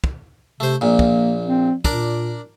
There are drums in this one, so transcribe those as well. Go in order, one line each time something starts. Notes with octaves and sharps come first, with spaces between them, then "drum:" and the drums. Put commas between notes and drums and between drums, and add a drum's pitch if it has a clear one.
drum: kick
C3 A3 C5
A#1 A#2 A#3
drum: kick
C4
A#2 D4 A#4 D5, drum: kick